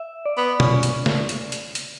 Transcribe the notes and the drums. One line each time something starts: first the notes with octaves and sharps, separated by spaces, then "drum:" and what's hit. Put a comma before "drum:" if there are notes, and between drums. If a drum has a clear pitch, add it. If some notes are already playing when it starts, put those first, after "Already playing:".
Already playing: E5
D5
B3
C#4, drum: tom B2
drum: hi-hat
drum: snare
drum: hi-hat
drum: hi-hat
drum: hi-hat